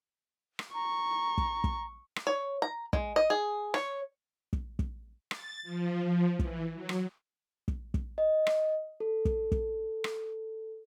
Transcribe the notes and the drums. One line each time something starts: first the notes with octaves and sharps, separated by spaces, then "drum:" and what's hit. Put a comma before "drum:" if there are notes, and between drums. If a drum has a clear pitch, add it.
drum: rim click
A#5 C#6
drum: kick
drum: kick
drum: rim click
C#5
A#5
G#3, drum: kick
D#5
G#4
C#5, drum: rim click
drum: kick
drum: kick
A6, drum: rim click
F3
F3
E3, drum: kick
F#3
drum: rim click
drum: kick
drum: kick
D#5
drum: rim click
A4
drum: kick
drum: kick
drum: rim click